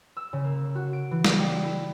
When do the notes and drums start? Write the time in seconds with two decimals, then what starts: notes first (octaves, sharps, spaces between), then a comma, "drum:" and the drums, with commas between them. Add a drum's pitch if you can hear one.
0.17 E6
0.33 C#3
0.45 A#3
0.75 F#4
0.93 D7
1.11 E3
1.25 E6, drum: snare
1.39 G3
1.64 E4